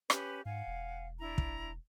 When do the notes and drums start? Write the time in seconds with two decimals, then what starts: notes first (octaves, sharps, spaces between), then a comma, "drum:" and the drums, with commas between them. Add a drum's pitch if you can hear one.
0.10 C#4 G4 B4, drum: rim click
0.45 G#2 F5 F#5 G#5
0.67 E1
1.19 D4 E4 A#5
1.38 drum: kick